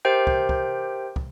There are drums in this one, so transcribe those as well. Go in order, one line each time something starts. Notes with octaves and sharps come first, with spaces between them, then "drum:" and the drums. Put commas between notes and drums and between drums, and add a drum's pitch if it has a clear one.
G4 A#4 C5 E5 G5 G6
drum: kick
drum: kick
drum: kick